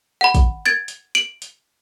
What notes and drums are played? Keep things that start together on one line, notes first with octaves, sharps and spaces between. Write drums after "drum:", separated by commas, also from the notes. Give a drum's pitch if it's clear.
F#5 B5
drum: kick, hi-hat
G#6 A6 D7
drum: hi-hat
D7 F#7, drum: hi-hat
drum: hi-hat